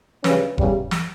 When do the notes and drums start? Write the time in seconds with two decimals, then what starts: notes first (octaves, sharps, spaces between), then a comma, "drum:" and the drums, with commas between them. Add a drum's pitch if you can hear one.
0.24 D2 C#3 G3 C#4 B4, drum: snare
0.58 E2 C#3 G3, drum: kick F1
0.91 drum: snare